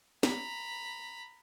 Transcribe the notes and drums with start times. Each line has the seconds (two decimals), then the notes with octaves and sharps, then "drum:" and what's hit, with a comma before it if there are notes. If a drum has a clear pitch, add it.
0.23 A#5 B5, drum: snare